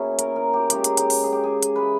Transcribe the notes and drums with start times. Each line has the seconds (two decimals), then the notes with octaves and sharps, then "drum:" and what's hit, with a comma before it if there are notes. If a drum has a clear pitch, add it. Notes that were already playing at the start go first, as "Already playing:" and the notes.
Already playing: B2 A#3 C#4 E4 G#4 C#5
0.19 A#4, drum: hi-hat
0.36 A#4
0.53 G4
0.70 C#3 G#3 D#4 G4, drum: hi-hat
0.84 G#4, drum: hi-hat
0.97 G4, drum: hi-hat
1.10 drum: open hi-hat
1.23 G#4
1.32 G4
1.44 G#4
1.63 drum: hi-hat
1.76 E3 G#3 B4